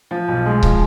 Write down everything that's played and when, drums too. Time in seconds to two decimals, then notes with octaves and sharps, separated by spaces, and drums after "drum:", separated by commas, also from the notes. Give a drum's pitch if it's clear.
0.11 F3
0.28 B1
0.46 G#3
0.63 F3, drum: kick C#1